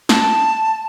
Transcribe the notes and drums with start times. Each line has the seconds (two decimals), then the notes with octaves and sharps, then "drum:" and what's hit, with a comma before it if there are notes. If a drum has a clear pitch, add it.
0.09 A5, drum: snare